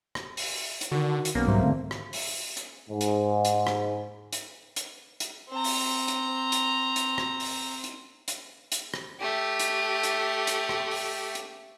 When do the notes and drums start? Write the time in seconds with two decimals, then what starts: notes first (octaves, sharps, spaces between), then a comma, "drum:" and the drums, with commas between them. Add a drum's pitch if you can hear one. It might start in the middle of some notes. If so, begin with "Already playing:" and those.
0.15 drum: rim click
0.37 drum: open hi-hat
0.81 drum: hi-hat
0.92 D3 D#3 F#4
1.25 drum: hi-hat
1.35 B1 A#3 B3 C#4
1.47 G#1 G#2 F#3 G3 C5 E5
1.63 D3 A3 C4
1.91 drum: rim click
2.13 drum: open hi-hat
2.57 drum: hi-hat
2.89 G#2
3.01 drum: hi-hat
3.45 drum: hi-hat
3.67 drum: rim click
4.33 drum: hi-hat
4.76 drum: hi-hat
5.20 drum: hi-hat
5.49 C4 A#5
5.64 drum: open hi-hat
6.08 drum: hi-hat
6.52 drum: hi-hat
6.96 drum: hi-hat
7.18 drum: rim click
7.40 drum: open hi-hat
7.84 drum: hi-hat
8.28 drum: hi-hat
8.72 drum: hi-hat
8.94 drum: rim click
9.20 A3 G4
9.59 drum: hi-hat
10.03 drum: hi-hat
10.47 drum: hi-hat
10.69 drum: rim click
10.91 drum: open hi-hat
11.35 drum: hi-hat